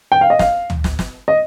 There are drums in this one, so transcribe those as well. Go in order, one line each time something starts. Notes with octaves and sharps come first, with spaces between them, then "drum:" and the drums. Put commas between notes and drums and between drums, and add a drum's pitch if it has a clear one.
G5
F5
D#5
F5, drum: snare
drum: tom
drum: snare
drum: snare
D#5